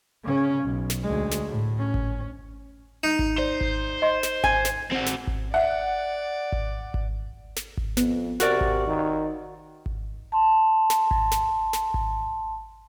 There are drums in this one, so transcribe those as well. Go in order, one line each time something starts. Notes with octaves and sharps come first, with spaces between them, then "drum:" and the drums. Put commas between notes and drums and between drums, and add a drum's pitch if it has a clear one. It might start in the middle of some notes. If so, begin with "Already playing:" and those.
C#3 C#4
B1
drum: snare
D2 G#3
drum: snare
A2
C#4
drum: kick G#1
D#4
drum: kick G#1
C5 D5
drum: kick G#1
D#5 C6
drum: snare
G#5, drum: kick G#1
drum: snare
C4 F#4
drum: snare
drum: kick G#1
D5 E5 F#5
drum: kick G#1
drum: kick G#1
drum: snare
drum: kick G#1
F2 B3, drum: snare
C3 F#4 A#4 D5, drum: snare
drum: kick G#1
D#3
drum: kick G#1
A5 C6
drum: snare
drum: kick G#1
drum: snare
drum: snare
drum: kick G#1